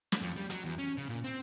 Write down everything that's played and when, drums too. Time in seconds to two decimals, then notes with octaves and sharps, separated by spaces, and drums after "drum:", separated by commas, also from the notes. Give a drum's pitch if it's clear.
0.12 drum: snare
0.22 F2
0.37 G3
0.50 F#3, drum: hi-hat
0.64 E2
0.78 C#4
0.97 C#3
1.09 A#2
1.24 C4